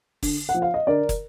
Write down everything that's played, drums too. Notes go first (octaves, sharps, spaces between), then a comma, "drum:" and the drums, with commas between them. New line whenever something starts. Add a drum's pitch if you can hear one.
D3, drum: kick, open hi-hat
F#5
F3
F5
D#5
D3 A#4 D5
drum: kick, hi-hat